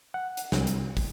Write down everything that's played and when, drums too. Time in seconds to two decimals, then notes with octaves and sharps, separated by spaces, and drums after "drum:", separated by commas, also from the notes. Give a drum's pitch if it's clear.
0.14 F#5
0.37 drum: hi-hat
0.52 C2, drum: snare
0.67 drum: hi-hat
0.97 drum: kick, open hi-hat